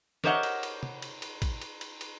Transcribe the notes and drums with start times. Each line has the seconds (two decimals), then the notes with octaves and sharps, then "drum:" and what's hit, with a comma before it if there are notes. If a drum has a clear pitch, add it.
0.24 G4 A#4 C5 C#5 D#5 F#5, drum: snare
0.43 drum: cymbal
0.63 drum: cymbal
0.83 drum: tom
1.02 drum: cymbal
1.22 drum: cymbal
1.42 drum: kick A1, cymbal
1.61 drum: cymbal
1.81 drum: cymbal
2.01 drum: cymbal